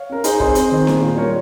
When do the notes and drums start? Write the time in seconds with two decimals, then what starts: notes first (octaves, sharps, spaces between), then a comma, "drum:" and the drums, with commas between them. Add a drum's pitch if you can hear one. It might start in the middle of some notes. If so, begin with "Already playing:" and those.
Already playing: C#5 F5
0.10 C#4 A#4
0.24 D#4 G#4 C5, drum: hi-hat
0.40 C4 G#4 C5, drum: kick
0.55 C4, drum: hi-hat
0.72 D#3
0.87 A#2, drum: snare C#4
1.02 F4
1.17 G3 A#4 C#5